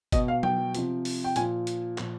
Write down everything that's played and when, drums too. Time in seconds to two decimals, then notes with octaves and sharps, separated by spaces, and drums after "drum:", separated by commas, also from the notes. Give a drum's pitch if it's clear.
0.12 B2 D#5, drum: kick, hi-hat
0.28 F5
0.43 G5, drum: tom F#3
0.74 C3 F3, drum: hi-hat
1.05 drum: open hi-hat
1.24 G5
1.36 A#2 F3 G#5, drum: hi-hat
1.67 drum: hi-hat
1.98 A#2 F3, drum: clap